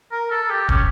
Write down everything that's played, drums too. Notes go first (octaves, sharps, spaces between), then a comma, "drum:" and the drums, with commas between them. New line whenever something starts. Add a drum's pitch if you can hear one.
A#4
A4
G4
C#4, drum: kick